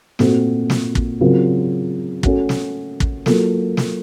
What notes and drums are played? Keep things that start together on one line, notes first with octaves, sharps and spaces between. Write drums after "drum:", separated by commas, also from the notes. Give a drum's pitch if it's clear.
A#2 A3 C4 F#4, drum: snare
drum: snare
drum: kick
C#3 F#3 C4 F4 A#4
A3 C#4 F#4, drum: kick
drum: snare
drum: kick
F#3 A#3 F4 A4, drum: snare
drum: snare